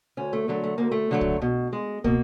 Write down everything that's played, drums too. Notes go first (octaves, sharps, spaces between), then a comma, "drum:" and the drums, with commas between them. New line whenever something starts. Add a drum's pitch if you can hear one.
D2 C#4
A3
D3 F#3 A3
A3
D2 A#3
A3
D3 F#3 A3
drum: kick
B2
G#3
B2 A#3, drum: kick